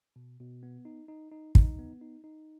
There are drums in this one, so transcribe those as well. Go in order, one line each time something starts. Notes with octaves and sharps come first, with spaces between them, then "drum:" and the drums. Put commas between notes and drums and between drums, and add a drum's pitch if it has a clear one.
B2
B2
B3
D#4
D#4
D#4
D#4, drum: kick
B3
D#4
D#4